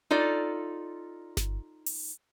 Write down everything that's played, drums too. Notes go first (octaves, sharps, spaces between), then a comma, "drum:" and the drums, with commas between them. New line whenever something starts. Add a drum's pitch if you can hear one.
D#4 F4 A4 D5
drum: snare G1
drum: open hi-hat